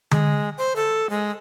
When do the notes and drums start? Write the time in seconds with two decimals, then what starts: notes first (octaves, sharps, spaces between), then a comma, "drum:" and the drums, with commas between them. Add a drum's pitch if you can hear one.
0.11 G#3, drum: tom D3
0.58 C5
0.76 A4
1.10 G#3